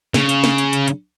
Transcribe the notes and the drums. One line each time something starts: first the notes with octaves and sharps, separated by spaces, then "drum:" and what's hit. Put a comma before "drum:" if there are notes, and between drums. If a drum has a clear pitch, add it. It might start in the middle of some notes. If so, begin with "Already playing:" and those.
C#3, drum: snare
drum: hi-hat
drum: snare
drum: hi-hat
drum: hi-hat
drum: hi-hat